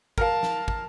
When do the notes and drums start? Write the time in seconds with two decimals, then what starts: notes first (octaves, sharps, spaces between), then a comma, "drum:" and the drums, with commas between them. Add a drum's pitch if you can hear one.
0.18 A#4 F5 A5, drum: kick
0.43 drum: snare
0.68 drum: kick